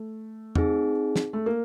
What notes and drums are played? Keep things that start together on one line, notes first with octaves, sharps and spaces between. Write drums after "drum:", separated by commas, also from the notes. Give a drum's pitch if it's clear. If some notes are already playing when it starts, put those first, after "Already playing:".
Already playing: A3
C4 D#4 G#4, drum: tom E2
drum: snare
A3
A#3